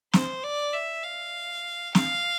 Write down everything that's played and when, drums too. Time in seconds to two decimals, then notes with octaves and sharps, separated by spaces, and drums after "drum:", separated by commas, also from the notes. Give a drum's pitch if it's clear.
0.13 C5, drum: snare
0.43 D5
0.74 E5
1.03 F5
1.95 F5, drum: snare